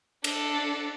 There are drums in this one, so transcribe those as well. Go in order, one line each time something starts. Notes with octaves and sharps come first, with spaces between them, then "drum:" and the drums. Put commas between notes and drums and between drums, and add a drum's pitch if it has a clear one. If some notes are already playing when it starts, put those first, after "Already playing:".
D4 A4, drum: cymbal